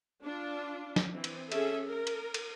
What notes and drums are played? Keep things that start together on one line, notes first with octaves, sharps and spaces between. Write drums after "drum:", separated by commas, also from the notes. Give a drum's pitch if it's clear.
D4 F4
drum: snare
E3 C4
drum: cymbal
C#4 G#4 A4 E5, drum: cymbal
A#4
drum: cymbal
drum: cymbal